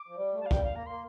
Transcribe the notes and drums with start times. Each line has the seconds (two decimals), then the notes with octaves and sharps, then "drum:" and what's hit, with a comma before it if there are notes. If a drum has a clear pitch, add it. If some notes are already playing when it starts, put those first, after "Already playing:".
Already playing: D6
0.08 F3
0.16 G3
0.33 A3
0.40 G3 A5
0.46 F5
0.51 G3 G5, drum: kick
0.63 F5
0.74 A#3 A#5
0.86 A#3 C6